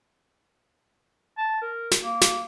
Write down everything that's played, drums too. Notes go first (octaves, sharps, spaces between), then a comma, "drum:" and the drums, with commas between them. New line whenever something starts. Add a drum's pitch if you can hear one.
A5
A#4
drum: snare
A#3
drum: snare